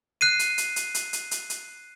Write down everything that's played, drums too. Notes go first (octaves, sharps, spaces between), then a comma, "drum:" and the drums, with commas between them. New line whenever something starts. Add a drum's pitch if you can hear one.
F#6 C7 D#7
drum: hi-hat
drum: hi-hat
drum: hi-hat
drum: hi-hat
drum: hi-hat
drum: hi-hat
drum: hi-hat